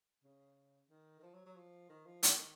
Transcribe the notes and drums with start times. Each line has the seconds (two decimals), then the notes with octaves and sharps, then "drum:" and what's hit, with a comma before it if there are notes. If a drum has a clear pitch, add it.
0.24 C#3
0.90 D#3
1.20 D#3
1.23 F3
1.35 F#3
1.46 F#3
1.56 F3
1.90 D#3
2.06 F3
2.23 D#3, drum: hi-hat
2.39 D#3